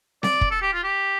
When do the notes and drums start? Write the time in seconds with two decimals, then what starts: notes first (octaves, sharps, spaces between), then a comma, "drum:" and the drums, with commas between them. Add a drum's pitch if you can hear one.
0.23 D5, drum: snare C4
0.41 drum: kick
0.51 A4
0.62 G4
0.73 F4
0.83 G4